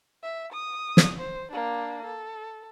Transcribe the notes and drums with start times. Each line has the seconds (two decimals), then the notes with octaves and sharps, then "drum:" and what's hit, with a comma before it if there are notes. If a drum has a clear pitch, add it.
0.23 E5
0.53 D#6
0.97 drum: snare
1.19 C5
1.51 A#3 D4
2.05 A4